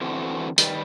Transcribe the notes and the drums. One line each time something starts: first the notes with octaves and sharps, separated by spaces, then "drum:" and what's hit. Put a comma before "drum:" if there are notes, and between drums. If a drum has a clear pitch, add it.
D3 E3 A3 C4 F#4
D#3 G3 B4, drum: hi-hat